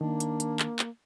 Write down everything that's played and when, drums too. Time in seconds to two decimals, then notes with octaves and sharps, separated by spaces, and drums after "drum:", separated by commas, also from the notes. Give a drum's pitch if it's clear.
0.01 D#3 A#3 D4
0.20 drum: hi-hat
0.40 drum: hi-hat
0.59 drum: clap
0.79 drum: clap